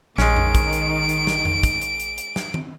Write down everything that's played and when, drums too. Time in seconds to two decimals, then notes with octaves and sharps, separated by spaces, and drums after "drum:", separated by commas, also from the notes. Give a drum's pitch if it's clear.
0.18 A#1 D#3 G#3 C#4 D7, drum: snare
0.36 drum: tom F2
0.55 drum: kick, hi-hat
0.73 drum: hi-hat
1.09 drum: hi-hat
1.27 drum: snare
1.45 drum: tom F2
1.63 drum: kick, hi-hat
1.82 drum: hi-hat
2.00 drum: hi-hat
2.18 drum: hi-hat
2.36 drum: snare
2.54 drum: tom D#3